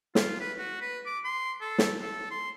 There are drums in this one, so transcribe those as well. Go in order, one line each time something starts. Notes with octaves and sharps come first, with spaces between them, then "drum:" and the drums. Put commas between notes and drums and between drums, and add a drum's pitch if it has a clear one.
F4, drum: snare
B4
F#4
B4
D6
C6
A4
drum: snare
A4
C6